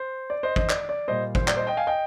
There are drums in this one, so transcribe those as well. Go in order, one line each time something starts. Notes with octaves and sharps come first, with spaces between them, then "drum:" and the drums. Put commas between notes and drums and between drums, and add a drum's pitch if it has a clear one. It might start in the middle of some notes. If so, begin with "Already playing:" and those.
Already playing: C5
D5
C5 D#5
C5 D#5, drum: kick
D5, drum: clap
D5
A#2 G3 C5 D#5
C5, drum: kick
D5, drum: clap
C5 D#5
D#5 G5
F5 G#5
D#5 G5